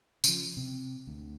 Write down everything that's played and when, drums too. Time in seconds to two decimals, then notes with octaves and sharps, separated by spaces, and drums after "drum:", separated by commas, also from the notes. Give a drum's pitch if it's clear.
0.24 C#3 F3, drum: tambourine
0.57 C3
1.07 D2